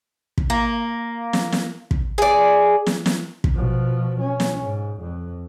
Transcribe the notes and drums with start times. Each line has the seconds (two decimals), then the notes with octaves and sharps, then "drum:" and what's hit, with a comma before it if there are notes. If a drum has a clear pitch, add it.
0.38 drum: kick
0.50 A#3
1.33 drum: snare
1.52 drum: snare
1.91 drum: kick
2.18 G#4 D5
2.87 drum: snare
3.06 drum: snare
3.44 drum: kick
3.55 B2 F3
4.21 C#4
4.40 drum: snare
4.63 G#2
5.01 F2